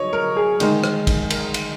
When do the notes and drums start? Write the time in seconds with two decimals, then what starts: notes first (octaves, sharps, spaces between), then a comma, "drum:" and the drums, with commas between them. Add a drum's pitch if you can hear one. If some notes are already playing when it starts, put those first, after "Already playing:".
Already playing: F#3 C#5 D#5
0.13 A#4
0.36 G#4
0.60 D#3 G#3 D#4, drum: cymbal
0.84 drum: rim click
1.07 drum: kick, cymbal
1.30 A#4, drum: cymbal
1.54 drum: cymbal